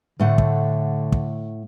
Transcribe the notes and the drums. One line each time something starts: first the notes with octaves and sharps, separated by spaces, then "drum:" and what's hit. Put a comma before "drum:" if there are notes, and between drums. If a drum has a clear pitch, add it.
A2 D3 A3 F#5
drum: kick
drum: kick